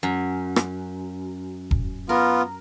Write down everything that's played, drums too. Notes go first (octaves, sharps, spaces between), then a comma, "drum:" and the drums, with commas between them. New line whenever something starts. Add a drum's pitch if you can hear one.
F#2
drum: rim click
drum: kick E1
B3 F4 A#4